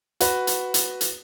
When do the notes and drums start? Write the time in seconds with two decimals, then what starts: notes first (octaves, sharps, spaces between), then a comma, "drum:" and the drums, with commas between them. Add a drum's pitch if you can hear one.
0.20 F#4 B4, drum: hi-hat
0.47 drum: hi-hat
0.74 drum: hi-hat
1.01 drum: hi-hat